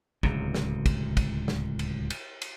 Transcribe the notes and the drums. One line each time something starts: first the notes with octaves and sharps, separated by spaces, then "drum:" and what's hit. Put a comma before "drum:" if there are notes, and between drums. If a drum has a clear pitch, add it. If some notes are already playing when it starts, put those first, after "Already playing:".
D1 C#2 C3, drum: kick
drum: snare
drum: kick, cymbal
drum: kick, cymbal
drum: snare
drum: cymbal
drum: cymbal
drum: cymbal